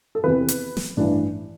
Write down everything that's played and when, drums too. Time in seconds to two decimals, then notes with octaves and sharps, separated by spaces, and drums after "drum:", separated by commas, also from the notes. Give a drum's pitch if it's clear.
0.15 A4
0.24 E2 C3 E3 B4
0.48 drum: hi-hat
0.77 drum: snare
0.97 A1 G2 E3 D4